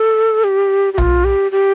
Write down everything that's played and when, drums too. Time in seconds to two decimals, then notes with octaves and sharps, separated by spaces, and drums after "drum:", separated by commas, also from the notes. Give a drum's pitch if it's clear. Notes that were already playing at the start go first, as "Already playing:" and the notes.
Already playing: A4
0.44 G4
0.94 G4
0.98 F4, drum: tom B1
1.24 G4
1.52 G4